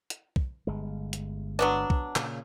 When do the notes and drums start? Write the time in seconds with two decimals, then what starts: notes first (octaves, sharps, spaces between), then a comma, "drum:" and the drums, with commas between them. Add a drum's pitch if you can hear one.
0.10 drum: hi-hat
0.36 drum: kick
0.67 G1 G#3
1.13 drum: hi-hat
1.59 F#3 B3 D4
1.90 drum: kick
2.16 A#2 C#3, drum: clap